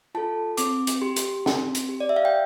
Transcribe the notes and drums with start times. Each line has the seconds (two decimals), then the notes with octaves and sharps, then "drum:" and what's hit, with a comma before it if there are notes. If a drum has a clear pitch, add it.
0.15 F4 A4 A5
0.57 C4 D6, drum: hi-hat
0.87 drum: hi-hat
1.02 G4 C6
1.16 drum: hi-hat
1.46 C4, drum: snare
1.75 drum: hi-hat
1.89 G4
2.00 D5
2.09 E5
2.16 F5
2.25 G5